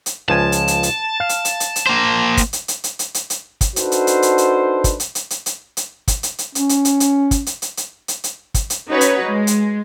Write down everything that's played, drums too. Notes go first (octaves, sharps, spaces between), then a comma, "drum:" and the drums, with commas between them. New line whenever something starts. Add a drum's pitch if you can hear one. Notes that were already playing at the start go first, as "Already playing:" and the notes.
drum: hi-hat
C#2 F3 G#5 A5
drum: hi-hat
drum: hi-hat
drum: hi-hat
F5
drum: hi-hat
drum: hi-hat
drum: hi-hat
drum: hi-hat
A#3 C5
drum: kick, hi-hat
drum: hi-hat
drum: hi-hat
drum: hi-hat
drum: hi-hat
drum: hi-hat
drum: hi-hat
drum: kick, hi-hat
D4 D#4 F#4 A4 B4 C5, drum: hi-hat
drum: hi-hat
drum: hi-hat
drum: hi-hat
drum: hi-hat
drum: kick, hi-hat
drum: hi-hat
drum: hi-hat
drum: hi-hat
drum: hi-hat
drum: hi-hat
drum: kick, hi-hat
drum: hi-hat
drum: hi-hat
C#4, drum: hi-hat
drum: hi-hat
drum: hi-hat
drum: hi-hat
drum: kick, hi-hat
drum: hi-hat
drum: hi-hat
drum: hi-hat
drum: hi-hat
drum: hi-hat
drum: kick, hi-hat
drum: hi-hat
C#4 D#4 F#4 B4 C#5
drum: hi-hat
G#3
drum: hi-hat